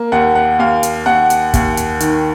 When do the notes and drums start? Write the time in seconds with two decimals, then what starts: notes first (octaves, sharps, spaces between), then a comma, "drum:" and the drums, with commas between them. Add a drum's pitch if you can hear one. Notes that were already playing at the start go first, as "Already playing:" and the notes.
Already playing: A#3
0.12 D#2 F#5
0.35 F#5
0.59 D#2 F5
0.83 drum: hi-hat
1.06 D#2 F#5
1.30 drum: hi-hat
1.54 D#2, drum: kick, hi-hat
1.77 drum: hi-hat
2.00 D#3, drum: hi-hat